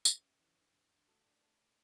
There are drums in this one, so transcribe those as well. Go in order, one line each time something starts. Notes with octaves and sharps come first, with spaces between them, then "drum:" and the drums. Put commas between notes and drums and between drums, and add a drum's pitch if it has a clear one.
F#2 G4 B4, drum: tambourine
F#2
E3
G2
G2
D3
A3 F#4 A4
D4
A3